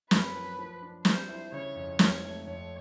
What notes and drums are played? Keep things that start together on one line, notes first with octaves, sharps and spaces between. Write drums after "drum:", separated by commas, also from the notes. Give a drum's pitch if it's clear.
F#2 B4, drum: snare
F3
F3
D4
G3 C5, drum: snare
E4
C#3 C#5
F2
G#2 C#5, drum: snare
A3
F2 C#5